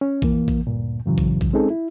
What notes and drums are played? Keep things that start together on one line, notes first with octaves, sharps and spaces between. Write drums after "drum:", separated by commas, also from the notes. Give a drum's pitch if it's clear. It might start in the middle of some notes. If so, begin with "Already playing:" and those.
C#4
F2 E3 A#3, drum: kick A#1
drum: kick A#1
D2 G2 A#2
F2 G#2 C#3 E3 F#3
drum: kick A#1
drum: kick A#1
G#3 C4 C#4 D#4 G#4 A4
E4